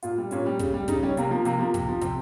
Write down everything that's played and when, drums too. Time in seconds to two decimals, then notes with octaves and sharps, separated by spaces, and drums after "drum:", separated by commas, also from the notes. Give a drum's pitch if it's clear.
0.03 A#2 F4, drum: hi-hat
0.18 G3
0.31 A#2 C#4, drum: hi-hat
0.46 G3
0.59 C#3, drum: kick, hi-hat
0.74 G3
0.88 C#3 D#4, drum: kick, hi-hat
1.03 G3 C#4
1.17 C3 A#3, drum: hi-hat
1.31 F3 A#3
1.45 C3 A#3, drum: hi-hat
1.59 F3 A#3
1.74 C3, drum: kick, hi-hat
1.88 F3
2.01 C3 C4, drum: kick, hi-hat